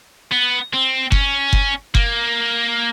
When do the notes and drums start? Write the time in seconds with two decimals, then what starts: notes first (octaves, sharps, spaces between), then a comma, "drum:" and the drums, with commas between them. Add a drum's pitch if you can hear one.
0.32 B3
0.74 C4
1.12 C#4, drum: kick F#1
1.53 drum: kick F#1
1.95 A#3, drum: kick F#1